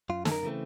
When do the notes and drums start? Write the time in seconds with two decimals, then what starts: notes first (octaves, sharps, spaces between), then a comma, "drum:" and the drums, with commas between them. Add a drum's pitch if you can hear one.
0.09 F#2 F4
0.25 A4, drum: snare
0.32 A#4
0.43 C#3 E3 A3 C4